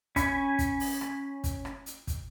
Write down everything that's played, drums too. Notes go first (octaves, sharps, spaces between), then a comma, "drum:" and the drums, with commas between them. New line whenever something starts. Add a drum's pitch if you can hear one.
C#4 C#5 G#5 B5, drum: kick, hi-hat
drum: kick, hi-hat
drum: open hi-hat
drum: rim click
drum: kick, hi-hat
drum: rim click
drum: hi-hat
drum: kick, hi-hat